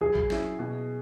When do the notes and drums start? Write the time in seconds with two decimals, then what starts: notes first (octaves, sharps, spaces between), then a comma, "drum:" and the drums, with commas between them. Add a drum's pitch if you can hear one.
0.01 F#3 G#4
0.15 drum: kick G#1
0.30 C#4 E4, drum: snare
0.59 B2